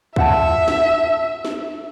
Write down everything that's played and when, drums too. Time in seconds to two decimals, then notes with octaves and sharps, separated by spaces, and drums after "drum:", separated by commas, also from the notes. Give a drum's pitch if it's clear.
0.16 F4 E5 F#5 A5, drum: kick
0.68 drum: snare
1.45 drum: snare